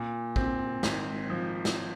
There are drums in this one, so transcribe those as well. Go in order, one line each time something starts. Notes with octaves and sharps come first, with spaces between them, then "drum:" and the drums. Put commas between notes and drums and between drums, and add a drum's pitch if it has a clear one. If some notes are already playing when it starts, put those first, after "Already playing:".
Already playing: A#2
C4, drum: kick
G#1, drum: snare
F3
drum: snare